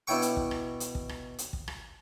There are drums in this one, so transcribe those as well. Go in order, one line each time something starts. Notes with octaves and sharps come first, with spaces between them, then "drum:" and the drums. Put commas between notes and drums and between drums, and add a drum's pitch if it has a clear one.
B2 D4 E4 C#5 G5 C#6
drum: hi-hat
drum: kick
drum: rim click
drum: hi-hat
drum: kick
drum: rim click
drum: hi-hat
drum: kick
drum: rim click